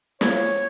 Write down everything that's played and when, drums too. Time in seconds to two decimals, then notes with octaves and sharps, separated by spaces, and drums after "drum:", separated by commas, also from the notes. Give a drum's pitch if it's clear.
0.21 C#5, drum: snare